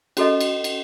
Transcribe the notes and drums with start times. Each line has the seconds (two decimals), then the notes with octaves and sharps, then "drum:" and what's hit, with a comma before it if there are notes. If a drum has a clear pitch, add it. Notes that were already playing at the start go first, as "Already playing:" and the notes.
0.17 C#4 F#4 A4 D#5, drum: cymbal
0.41 drum: cymbal
0.64 drum: cymbal